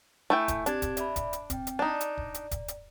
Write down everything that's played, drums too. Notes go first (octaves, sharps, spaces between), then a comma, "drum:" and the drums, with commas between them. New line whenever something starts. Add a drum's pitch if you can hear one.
A3 E4 G5 G#5
drum: kick, hi-hat
C4 D4 G4 G#6, drum: hi-hat
drum: kick, hi-hat
D5 E5 B5, drum: hi-hat
drum: kick, hi-hat
drum: hi-hat
C4 G5, drum: kick, hi-hat
drum: hi-hat
D4 D#4 D5 A#5
drum: hi-hat
drum: kick
drum: hi-hat
drum: kick, hi-hat
drum: hi-hat